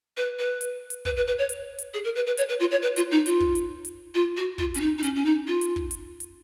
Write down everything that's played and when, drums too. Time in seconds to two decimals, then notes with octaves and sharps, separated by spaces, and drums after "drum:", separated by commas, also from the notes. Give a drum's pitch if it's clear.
0.17 B4
0.39 B4
0.61 drum: hi-hat
0.90 drum: hi-hat
1.05 B4, drum: kick
1.16 B4
1.27 B4
1.38 C#5
1.49 drum: hi-hat
1.78 drum: hi-hat
1.93 G#4
2.04 A#4
2.15 B4
2.26 B4
2.37 C#5, drum: hi-hat
2.48 B4
2.59 F4
2.71 C#5
2.82 B4
2.96 F4, drum: hi-hat
3.11 D#4
3.26 F4, drum: hi-hat
3.40 drum: kick
3.55 drum: hi-hat
3.85 drum: hi-hat
4.14 F4
4.36 F#4
4.58 F4, drum: kick
4.74 C#4, drum: hi-hat
4.80 D#4
4.98 D#4
5.03 C#4, drum: hi-hat
5.15 C#4
5.25 D#4
5.47 F4
5.61 drum: hi-hat
5.76 drum: kick
5.91 drum: hi-hat
6.20 drum: hi-hat